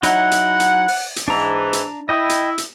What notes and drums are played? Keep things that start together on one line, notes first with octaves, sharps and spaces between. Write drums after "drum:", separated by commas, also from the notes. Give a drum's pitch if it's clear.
F#3 D#4 E4 F#5, drum: hi-hat
drum: hi-hat
drum: hi-hat
drum: open hi-hat
drum: hi-hat
G#2 E3 D4 A#5
drum: hi-hat
E4 D#5 G5 D#6
drum: hi-hat
drum: hi-hat